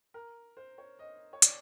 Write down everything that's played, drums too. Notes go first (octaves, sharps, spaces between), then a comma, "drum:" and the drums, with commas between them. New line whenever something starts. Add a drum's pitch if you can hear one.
A#4
C5
C#5
D#5
C#5
D5, drum: hi-hat